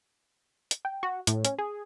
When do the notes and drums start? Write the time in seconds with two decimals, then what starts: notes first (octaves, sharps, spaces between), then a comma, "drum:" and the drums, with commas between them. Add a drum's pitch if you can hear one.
0.71 drum: hi-hat
0.85 G5
1.03 F#4
1.27 A2, drum: hi-hat
1.45 C#4, drum: hi-hat
1.59 G#4